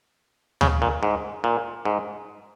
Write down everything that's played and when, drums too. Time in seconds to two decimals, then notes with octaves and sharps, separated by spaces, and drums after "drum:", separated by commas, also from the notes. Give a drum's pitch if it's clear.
0.61 C#3, drum: tom D2
0.82 A#2
1.03 G#2
1.44 A#2
1.85 G#2